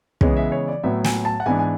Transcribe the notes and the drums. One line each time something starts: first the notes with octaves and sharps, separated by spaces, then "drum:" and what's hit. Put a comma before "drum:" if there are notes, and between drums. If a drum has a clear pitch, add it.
C#3 E3 G#3 B3 C#5, drum: kick
E5
C#5
D5
A2 F#3 B3 E5
G#5, drum: snare
A5
F#5
G#2 E3 B3 D4 G#5
G#5